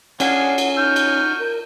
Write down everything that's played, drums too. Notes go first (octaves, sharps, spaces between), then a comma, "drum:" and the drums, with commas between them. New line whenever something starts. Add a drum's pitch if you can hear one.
C#4 D4 G#4 F5 F#5 G#5, drum: cymbal
drum: cymbal
D#4 F#4 F6 G6
drum: cymbal
A#4